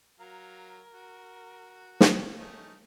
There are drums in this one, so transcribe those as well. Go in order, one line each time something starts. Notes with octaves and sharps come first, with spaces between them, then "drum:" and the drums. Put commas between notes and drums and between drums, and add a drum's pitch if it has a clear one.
F#3 A#4 F5 A#5
F#4
drum: snare
A3 C#4 D#4